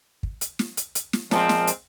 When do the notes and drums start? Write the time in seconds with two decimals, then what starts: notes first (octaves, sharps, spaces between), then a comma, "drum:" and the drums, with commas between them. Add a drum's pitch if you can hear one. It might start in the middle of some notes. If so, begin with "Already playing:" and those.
0.23 drum: kick
0.41 drum: hi-hat
0.59 drum: snare
0.77 drum: hi-hat
0.95 drum: hi-hat
1.13 drum: snare
1.31 A#2 F3 G#3 C4, drum: snare
1.49 drum: snare
1.67 drum: hi-hat